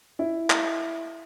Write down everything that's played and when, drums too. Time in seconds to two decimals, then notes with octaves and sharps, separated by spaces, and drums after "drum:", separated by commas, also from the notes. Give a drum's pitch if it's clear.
0.19 E4
0.50 drum: clap